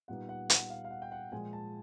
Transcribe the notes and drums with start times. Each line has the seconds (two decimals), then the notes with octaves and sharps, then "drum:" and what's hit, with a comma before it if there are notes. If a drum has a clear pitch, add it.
0.08 A#2 G3 B3 D#4 F#5
0.29 F#5
0.50 F#5, drum: hi-hat
0.70 F5
0.84 F5
0.91 F#5
1.02 G5
1.12 F#5
1.32 A#2 F3 G#3 G#5
1.53 A5